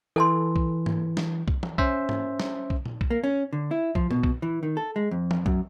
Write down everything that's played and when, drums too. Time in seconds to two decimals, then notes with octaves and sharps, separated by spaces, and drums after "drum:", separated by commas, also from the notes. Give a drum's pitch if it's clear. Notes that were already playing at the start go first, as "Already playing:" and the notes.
0.16 E3 A4 A5 C6
0.56 drum: kick B1
0.86 drum: tom G#2
1.17 drum: snare
1.48 drum: kick B1
1.63 drum: tom E3
1.78 C#4 C5 E5, drum: kick B1
2.09 drum: tom G#2
2.40 drum: snare
2.70 drum: kick B1
2.86 drum: tom A#2
3.01 drum: kick B1
3.10 A#3
3.24 C#4
3.53 D3
3.71 E4
3.95 F3, drum: kick B1
4.11 B2, drum: tom A#2
4.23 drum: kick B1
4.42 E3
4.63 D#3
4.77 A4
4.96 G#3
5.11 F2
5.31 drum: tom E3
5.46 F#2, drum: kick B1